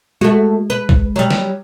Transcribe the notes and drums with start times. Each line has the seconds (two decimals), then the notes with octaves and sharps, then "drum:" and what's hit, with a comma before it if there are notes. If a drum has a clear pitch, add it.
0.21 G#3 A3 F#4
0.70 B4
0.89 drum: kick
1.16 F#3 G3
1.30 drum: snare